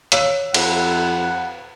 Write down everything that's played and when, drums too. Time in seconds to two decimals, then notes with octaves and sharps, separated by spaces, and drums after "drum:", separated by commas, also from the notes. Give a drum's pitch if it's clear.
0.12 C#5 F5 E6 F#6, drum: hi-hat
0.54 F2 B4 F#5, drum: cymbal